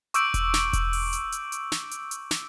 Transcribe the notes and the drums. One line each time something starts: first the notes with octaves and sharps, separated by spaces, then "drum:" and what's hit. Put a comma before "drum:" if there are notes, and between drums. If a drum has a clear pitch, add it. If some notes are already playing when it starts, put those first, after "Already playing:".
C#6 D6 E6 G6 D7, drum: hi-hat
drum: kick E1, hi-hat
drum: snare
drum: kick E1, hi-hat
drum: open hi-hat
drum: hi-hat
drum: hi-hat
drum: hi-hat
drum: snare
drum: hi-hat
drum: hi-hat
drum: snare